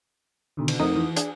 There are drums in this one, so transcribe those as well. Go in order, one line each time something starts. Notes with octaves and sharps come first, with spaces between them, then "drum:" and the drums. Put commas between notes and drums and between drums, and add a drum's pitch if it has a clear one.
B2 D3 D#3
drum: cymbal
F2 A3 C4 D#4 A#4 D#6
E3
D4 G#4, drum: hi-hat